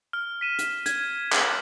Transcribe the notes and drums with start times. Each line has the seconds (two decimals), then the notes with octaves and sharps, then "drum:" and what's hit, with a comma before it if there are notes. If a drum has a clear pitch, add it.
0.13 F6
0.41 B6 D#7 E7
0.59 drum: hi-hat
0.86 G#6, drum: hi-hat
1.32 G#6 F#7, drum: clap